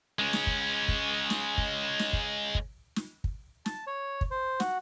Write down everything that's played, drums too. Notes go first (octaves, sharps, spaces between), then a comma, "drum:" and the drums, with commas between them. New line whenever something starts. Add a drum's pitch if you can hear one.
G#3 C#4
drum: snare
drum: kick
drum: kick
drum: snare
drum: kick
drum: snare
drum: kick
drum: kick
drum: snare
drum: kick
A5, drum: snare
C#5
drum: kick
C5
F#4, drum: snare